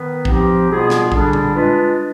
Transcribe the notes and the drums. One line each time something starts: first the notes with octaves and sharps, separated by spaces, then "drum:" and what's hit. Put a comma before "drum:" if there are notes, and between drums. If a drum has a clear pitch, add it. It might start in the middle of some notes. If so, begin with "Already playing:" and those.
Already playing: D#3 B3 B4
F3 C4 D#4 G4, drum: kick
B2 G3 B3 F4 G#4
drum: snare
D3 G3 D4 G#4, drum: kick
drum: tom A#2
G#3 D4 F4 B4